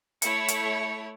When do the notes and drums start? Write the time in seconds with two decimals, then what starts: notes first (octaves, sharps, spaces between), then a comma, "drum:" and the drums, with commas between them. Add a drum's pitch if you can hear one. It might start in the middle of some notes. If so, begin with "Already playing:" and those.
0.22 A3 E4 C#5 C#7, drum: hi-hat
0.48 drum: hi-hat